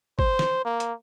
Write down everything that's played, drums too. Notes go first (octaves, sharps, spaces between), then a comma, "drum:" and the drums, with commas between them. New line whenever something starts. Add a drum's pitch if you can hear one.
C5, drum: kick
drum: snare
A#3
drum: hi-hat